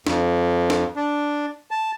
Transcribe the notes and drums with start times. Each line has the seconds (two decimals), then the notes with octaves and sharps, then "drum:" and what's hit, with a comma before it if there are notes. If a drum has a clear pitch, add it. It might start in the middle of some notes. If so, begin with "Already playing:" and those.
0.07 F2, drum: snare D4
0.70 drum: snare D4
0.97 D4
1.71 A5